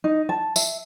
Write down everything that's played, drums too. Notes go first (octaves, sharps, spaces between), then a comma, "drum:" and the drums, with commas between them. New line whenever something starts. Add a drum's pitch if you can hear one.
D#4
A5
E5, drum: tambourine